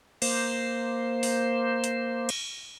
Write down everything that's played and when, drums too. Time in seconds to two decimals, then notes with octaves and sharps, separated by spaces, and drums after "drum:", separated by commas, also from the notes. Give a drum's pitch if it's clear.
0.22 A#3 C5, drum: cymbal
1.23 drum: open hi-hat
1.84 drum: hi-hat
2.29 drum: cymbal